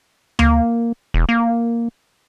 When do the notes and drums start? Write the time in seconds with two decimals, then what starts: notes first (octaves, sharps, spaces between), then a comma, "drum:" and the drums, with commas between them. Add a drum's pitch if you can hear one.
0.39 A#3, drum: tom D2
1.14 E1
1.29 A#3